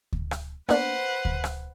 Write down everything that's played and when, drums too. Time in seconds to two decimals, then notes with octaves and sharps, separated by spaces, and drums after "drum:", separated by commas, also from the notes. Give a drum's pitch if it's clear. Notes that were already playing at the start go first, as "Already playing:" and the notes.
0.12 drum: kick D2
0.31 drum: rim click
0.69 A#3 B3 D4 B4 C5 F#5, drum: rim click
1.25 drum: kick D2
1.44 drum: rim click